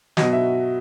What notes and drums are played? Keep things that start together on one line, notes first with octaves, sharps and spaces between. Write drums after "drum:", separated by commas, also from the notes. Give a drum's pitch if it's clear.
B2 F#3 D#5, drum: snare
E5